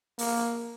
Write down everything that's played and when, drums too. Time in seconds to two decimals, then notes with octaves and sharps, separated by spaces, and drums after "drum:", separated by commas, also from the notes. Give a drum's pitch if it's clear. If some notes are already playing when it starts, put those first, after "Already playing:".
0.19 A#3, drum: open hi-hat